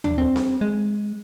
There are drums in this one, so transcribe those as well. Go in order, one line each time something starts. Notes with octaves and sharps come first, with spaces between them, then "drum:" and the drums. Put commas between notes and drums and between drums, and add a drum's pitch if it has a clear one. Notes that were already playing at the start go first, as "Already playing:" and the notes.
D4, drum: tom D#2
C4
drum: snare C4
G#3